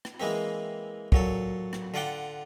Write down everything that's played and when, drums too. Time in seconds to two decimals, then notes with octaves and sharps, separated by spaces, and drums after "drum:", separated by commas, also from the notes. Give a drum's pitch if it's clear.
0.05 drum: rim click
0.20 E3 G#3 A#3 C4
1.12 A#2 F#3 A4, drum: kick
1.73 drum: rim click
1.94 D3 F4 D5 F#5 G5